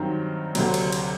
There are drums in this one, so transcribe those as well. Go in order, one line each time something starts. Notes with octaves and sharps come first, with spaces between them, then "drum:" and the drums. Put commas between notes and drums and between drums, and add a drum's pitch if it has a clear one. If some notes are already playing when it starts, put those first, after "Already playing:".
Already playing: G2 D#3 F#3 C4 D#4
D2 C3 F#3, drum: cymbal
drum: cymbal
drum: cymbal